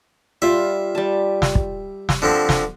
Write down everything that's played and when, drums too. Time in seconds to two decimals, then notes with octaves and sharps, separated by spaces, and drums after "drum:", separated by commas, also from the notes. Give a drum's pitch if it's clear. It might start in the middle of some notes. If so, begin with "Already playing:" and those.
0.42 G3 F4 E5
0.95 G3 A5
1.42 drum: snare
1.55 drum: kick
2.09 drum: snare
2.22 D3 F3 C4
2.49 drum: snare